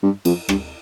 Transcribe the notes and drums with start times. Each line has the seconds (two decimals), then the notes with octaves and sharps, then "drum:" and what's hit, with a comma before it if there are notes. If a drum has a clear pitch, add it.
0.03 G2
0.25 F2, drum: cymbal
0.49 G2, drum: rim click